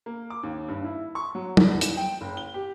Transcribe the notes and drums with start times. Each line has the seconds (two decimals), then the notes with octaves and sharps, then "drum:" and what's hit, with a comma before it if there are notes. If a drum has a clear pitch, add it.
0.06 A#3
0.30 D6
0.43 D#2
0.68 G2
0.84 E4
1.15 C#6
1.35 F#3
1.57 E2, drum: tom
1.81 drum: hi-hat
1.97 G5
2.21 F#1
2.37 G7
2.54 G4